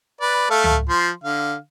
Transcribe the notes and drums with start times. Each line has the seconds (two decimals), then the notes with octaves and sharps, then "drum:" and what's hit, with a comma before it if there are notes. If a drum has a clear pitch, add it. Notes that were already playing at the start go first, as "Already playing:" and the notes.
0.21 B4 D5
0.50 A3 A4 F5
0.64 drum: tom C#2
0.89 F3 C6
1.24 D3 F5